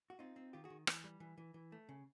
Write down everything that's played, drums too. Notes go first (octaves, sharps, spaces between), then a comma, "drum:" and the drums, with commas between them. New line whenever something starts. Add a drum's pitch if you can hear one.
F#4
C4 D#4 F4
C4
D#3 F4 G4
F#4 G#4
D#3
E3, drum: rim click
G3
E3
E3
E3
A3
C#3